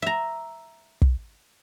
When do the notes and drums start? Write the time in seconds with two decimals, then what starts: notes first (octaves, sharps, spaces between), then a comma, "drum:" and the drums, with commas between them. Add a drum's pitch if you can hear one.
0.02 E5 A#5
1.02 drum: kick